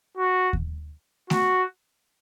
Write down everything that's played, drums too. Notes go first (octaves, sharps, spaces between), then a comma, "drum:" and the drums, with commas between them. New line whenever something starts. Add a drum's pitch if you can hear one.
F#4
drum: kick D#2
F#4, drum: snare A3